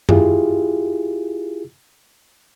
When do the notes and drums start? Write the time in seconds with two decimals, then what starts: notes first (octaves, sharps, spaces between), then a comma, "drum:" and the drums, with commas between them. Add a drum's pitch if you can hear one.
0.09 E4 F4 G4 G#4, drum: tom F#2